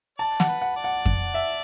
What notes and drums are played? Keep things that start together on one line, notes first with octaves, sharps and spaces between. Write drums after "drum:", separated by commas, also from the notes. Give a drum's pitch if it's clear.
D5 A5
F#5, drum: snare
B4
F#5
D5
F#5
drum: kick F2
E5